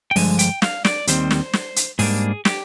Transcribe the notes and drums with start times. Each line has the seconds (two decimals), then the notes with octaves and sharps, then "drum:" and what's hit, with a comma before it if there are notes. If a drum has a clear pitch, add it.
0.11 G5
0.16 G2 D3 F3 G#3 G#5, drum: open hi-hat
0.39 G5, drum: hi-hat
0.62 F5, drum: snare
0.85 D5, drum: snare
1.07 D#2 D#3 G3 C4 C5, drum: hi-hat
1.31 drum: snare
1.53 drum: snare
1.76 drum: hi-hat
1.99 G#2 G3 A#3 D4 G#4, drum: open hi-hat
2.45 G4, drum: snare